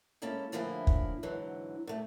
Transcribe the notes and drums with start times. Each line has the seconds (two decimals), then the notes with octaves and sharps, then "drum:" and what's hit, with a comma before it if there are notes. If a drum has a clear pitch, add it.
0.22 G#3 A#3 C#4 E4 A4
0.52 A2 D3 F3 A#3 E4 G#4
0.87 drum: kick
1.23 G#2 D3 E3 F#3
1.87 C3 A3